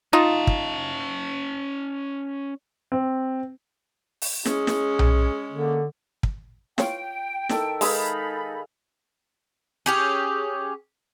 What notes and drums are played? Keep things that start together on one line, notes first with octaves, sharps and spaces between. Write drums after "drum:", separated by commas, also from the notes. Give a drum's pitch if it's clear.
C#4 D#4 F4 A5
drum: kick
C4
drum: open hi-hat
G#3 C#4 G#4, drum: snare
drum: snare
drum: tom B1
D3 A#3
drum: kick
F4 C#5 G5, drum: snare
D#3 A4 E5, drum: snare
G#3 D#4 G#4 A4 B4 F5 B5, drum: open hi-hat
C#4 G4 G#4